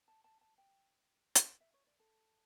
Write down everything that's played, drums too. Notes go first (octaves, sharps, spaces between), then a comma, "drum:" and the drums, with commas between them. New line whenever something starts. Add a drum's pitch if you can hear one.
A5
A5
A5
G5
drum: hi-hat
E5
C#5
D5
A4